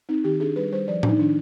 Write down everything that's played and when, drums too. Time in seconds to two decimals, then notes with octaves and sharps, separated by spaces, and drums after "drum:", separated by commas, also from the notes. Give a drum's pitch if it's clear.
0.09 C4 D#4
0.24 D#3 G4
0.40 D4 G#4
0.56 G3 B4
0.72 G3 C5
0.88 F3 D5
1.03 D4, drum: tom A2
1.09 D#4
1.19 D#3 D4